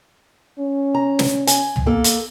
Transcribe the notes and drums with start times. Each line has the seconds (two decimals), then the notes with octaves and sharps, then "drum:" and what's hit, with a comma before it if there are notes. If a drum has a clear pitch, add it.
0.58 C#4
0.95 A#5
1.19 drum: snare
1.47 G#5, drum: hi-hat
1.76 drum: tom
1.86 A#3 A4
2.04 drum: hi-hat